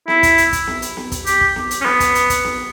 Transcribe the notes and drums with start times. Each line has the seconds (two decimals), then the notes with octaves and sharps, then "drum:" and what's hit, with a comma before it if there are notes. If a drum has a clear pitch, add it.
0.08 E4, drum: snare B3
0.23 drum: kick, hi-hat
0.38 drum: hi-hat
0.53 drum: kick, hi-hat
0.67 drum: snare B3
0.82 drum: hi-hat
0.97 drum: snare B3
1.12 drum: kick, hi-hat
1.26 G4, drum: hi-hat
1.41 drum: kick
1.56 drum: snare B3
1.71 drum: hi-hat
1.81 C#4
1.85 B3, drum: snare B3
2.00 drum: kick, hi-hat
2.15 drum: hi-hat
2.30 drum: kick, hi-hat
2.45 drum: snare B3